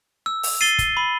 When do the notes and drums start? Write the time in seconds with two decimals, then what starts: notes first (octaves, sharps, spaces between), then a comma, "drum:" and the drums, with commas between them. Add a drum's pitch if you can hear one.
0.26 E6
0.43 drum: open hi-hat
0.61 A6 C7 D#7 G7
0.79 drum: kick, hi-hat
0.97 B5